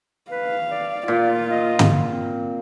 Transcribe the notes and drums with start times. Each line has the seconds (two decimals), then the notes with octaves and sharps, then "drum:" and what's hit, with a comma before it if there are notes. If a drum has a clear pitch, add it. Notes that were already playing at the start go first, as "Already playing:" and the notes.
0.31 B4 F5
0.70 D5
1.08 A#2 F4
1.51 D#5
1.79 drum: tom
2.09 C4